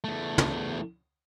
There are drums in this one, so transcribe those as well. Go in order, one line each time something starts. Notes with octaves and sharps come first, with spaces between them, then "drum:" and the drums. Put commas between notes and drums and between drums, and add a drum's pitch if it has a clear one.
E2 A3
drum: tom